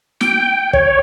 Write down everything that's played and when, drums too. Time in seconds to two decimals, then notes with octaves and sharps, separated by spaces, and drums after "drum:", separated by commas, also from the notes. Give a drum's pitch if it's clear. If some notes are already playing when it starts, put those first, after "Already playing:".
0.21 G5, drum: snare
0.73 C#5, drum: kick